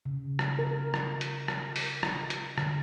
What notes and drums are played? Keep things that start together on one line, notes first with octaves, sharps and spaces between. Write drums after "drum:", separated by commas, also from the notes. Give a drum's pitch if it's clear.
C#3
drum: rim click
A#4
drum: rim click
drum: hi-hat
drum: rim click
drum: open hi-hat
drum: rim click
drum: hi-hat
D3, drum: rim click